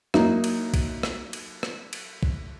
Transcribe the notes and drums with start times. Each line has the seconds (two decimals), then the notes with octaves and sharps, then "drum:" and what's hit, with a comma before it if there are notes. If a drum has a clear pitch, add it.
0.14 F#3 A#3 D#4 E4, drum: rim click
0.44 drum: cymbal
0.74 drum: kick, cymbal
1.03 drum: rim click
1.33 drum: cymbal
1.63 drum: rim click
1.93 drum: cymbal
2.23 drum: kick